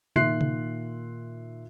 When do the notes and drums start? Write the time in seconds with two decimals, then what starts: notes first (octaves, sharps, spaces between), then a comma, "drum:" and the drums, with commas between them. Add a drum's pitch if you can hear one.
0.16 A#2 D#3 E5 C6 F#6 C7, drum: tom C3
0.41 drum: tom C3